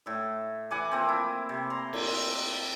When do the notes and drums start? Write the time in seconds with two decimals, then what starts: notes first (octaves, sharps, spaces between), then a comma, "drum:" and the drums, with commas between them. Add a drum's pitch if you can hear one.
0.06 A2 E5
0.71 E3 F#5 G#5 D6
0.92 F3 A#3 C4
1.09 E4
1.49 C3
1.70 A#5 C6
1.93 drum: cymbal